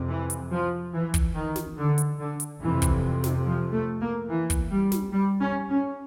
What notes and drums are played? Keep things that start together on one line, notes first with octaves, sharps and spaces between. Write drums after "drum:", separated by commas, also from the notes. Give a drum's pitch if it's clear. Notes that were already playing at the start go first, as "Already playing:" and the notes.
Already playing: F2 C3
E3
drum: hi-hat
F3
E3
drum: kick, hi-hat
D#3
drum: snare
D3
drum: hi-hat
D3
drum: hi-hat
F2 C3 E3
drum: kick, hi-hat
drum: snare
F3
A3
A#3
E3
drum: kick, hi-hat
G3
drum: snare
G3
C#4
C#4